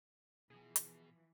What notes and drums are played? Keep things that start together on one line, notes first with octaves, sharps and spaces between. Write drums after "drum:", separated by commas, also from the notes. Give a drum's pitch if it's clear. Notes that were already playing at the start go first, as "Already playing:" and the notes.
B2 E3 F3 G#4
drum: hi-hat